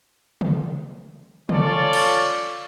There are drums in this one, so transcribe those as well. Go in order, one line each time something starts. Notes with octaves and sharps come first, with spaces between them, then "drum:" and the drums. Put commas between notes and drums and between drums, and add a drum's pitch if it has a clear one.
drum: tom
C#4 F4 A4 C#5 D5, drum: tom
drum: cymbal